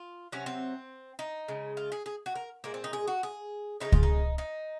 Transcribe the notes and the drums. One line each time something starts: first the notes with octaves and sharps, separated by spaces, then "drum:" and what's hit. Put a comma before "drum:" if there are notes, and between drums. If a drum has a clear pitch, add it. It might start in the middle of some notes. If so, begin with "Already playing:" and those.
Already playing: F4
C3 F#3 C#4
C4
D#4
C#3 G#3
F4
G#4
G#4
F#4
A#4
A#2 G#3 A#3
C4
D#4
G#4
F#4
G#4
C#3 F3 G#3 D#4
F4, drum: kick C#2
D#4
D#4